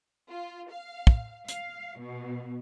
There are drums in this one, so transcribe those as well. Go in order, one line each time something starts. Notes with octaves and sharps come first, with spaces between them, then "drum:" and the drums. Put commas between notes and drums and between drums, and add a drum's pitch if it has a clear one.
F4
F5
drum: kick
F5, drum: hi-hat
B2